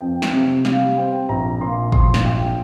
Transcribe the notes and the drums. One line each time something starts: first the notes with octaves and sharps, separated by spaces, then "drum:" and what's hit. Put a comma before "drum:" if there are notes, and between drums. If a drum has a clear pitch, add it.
F2 G5
drum: snare
C3
G3 F5, drum: snare
C4 G5
A#1 A#5
A#2 C6
F3 C6, drum: kick
drum: snare
A#1 G5